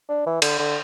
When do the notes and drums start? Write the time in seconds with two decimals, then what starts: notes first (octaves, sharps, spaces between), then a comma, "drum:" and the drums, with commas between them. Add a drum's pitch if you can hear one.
0.09 D4
0.27 E3
0.42 D3, drum: cymbal
0.59 D3